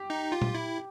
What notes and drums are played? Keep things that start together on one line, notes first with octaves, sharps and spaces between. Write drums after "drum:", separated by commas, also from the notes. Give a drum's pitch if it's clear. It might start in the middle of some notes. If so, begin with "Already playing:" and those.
Already playing: G4
D#4
F4
drum: tom A#2
E4